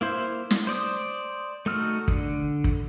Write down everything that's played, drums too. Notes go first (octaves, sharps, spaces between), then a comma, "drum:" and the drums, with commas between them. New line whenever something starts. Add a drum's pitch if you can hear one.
A#3 E4 C5
drum: snare
C5 D5 D#6
A3 D#4 F#4 E6 F6
D3, drum: kick
drum: kick